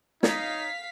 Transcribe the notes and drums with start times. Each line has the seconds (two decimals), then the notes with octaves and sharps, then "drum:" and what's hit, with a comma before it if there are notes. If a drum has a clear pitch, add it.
0.23 D#4 C#5 D#5 F5 A#5 B6, drum: snare